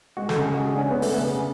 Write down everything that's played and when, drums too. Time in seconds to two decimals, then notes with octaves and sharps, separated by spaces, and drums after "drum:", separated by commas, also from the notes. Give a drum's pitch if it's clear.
0.17 G#3 F#4
0.29 A4, drum: snare
0.36 C#3
0.41 G#4
0.53 G#3 F#4
0.66 G#4
0.72 D4
0.79 C#4
0.90 B3 D4
1.02 A3, drum: open hi-hat
1.09 C#3 B3
1.27 C#3 G#4